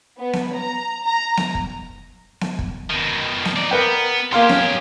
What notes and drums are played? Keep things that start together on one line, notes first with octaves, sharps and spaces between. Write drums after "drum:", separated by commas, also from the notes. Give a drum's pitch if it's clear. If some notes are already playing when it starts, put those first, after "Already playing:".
B3
drum: snare B3
A#5
A#5
drum: snare B3
drum: kick
drum: snare B3
drum: kick
B2 D#3
drum: snare B3
D#4 D5
B3 A#4 B4 G5
A#3 G4 G#4 F5 C6
C#4, drum: snare B3